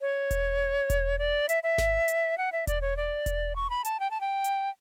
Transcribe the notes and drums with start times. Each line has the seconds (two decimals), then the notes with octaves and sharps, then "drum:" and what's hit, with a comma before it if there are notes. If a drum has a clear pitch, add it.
0.01 C#5
0.31 drum: kick E1, hi-hat
0.90 drum: kick E1, hi-hat
1.19 D5
1.49 E5, drum: hi-hat
1.63 E5
1.78 drum: snare G#1
2.08 drum: hi-hat
2.38 F#5
2.52 E5
2.67 D5, drum: kick E1, hi-hat
2.81 C#5
2.97 D5
3.26 drum: kick E1, hi-hat
3.56 C#6
3.70 B5
3.85 A5, drum: hi-hat
4.00 G5
4.11 A5
4.21 G5
4.44 drum: hi-hat